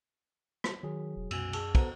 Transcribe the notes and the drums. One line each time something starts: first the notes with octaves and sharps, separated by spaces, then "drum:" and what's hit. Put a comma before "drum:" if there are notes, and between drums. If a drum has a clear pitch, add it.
drum: rim click
D#3 F#3 G#4
E1
C2 F#2 B2 F#4 G#5 E6, drum: cymbal
G#4 A5 E6, drum: cymbal
B3 F#4 A4 C5 A#5, drum: kick, cymbal